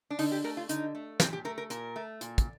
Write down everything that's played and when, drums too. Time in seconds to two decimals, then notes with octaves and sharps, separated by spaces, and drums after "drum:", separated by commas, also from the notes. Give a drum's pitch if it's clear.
0.10 D4
0.19 D3 D#4, drum: open hi-hat
0.32 G4
0.44 A3 A#4
0.57 F4
0.69 D3 D#4, drum: hi-hat
0.95 A3
1.20 A#2 C4, drum: snare
1.33 G4
1.45 A3 A#4
1.58 A#4
1.70 A#2 A#4, drum: hi-hat
1.96 A3
2.21 A#2, drum: hi-hat
2.38 drum: kick, hi-hat